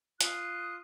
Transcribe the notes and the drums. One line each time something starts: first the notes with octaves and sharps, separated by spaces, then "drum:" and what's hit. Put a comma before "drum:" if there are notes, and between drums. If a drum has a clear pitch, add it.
F4 D#6 F#6, drum: hi-hat